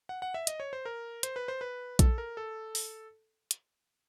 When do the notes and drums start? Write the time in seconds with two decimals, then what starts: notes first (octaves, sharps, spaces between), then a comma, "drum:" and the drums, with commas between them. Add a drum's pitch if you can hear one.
0.09 F#5
0.22 F#5
0.34 E5
0.47 D#5, drum: hi-hat
0.60 C#5
0.73 C5
0.85 A#4
1.23 C5, drum: hi-hat
1.36 B4
1.48 C5
1.61 B4
1.99 A4, drum: kick A#1, hi-hat
2.18 A#4
2.37 A4
2.75 drum: open hi-hat
3.51 drum: hi-hat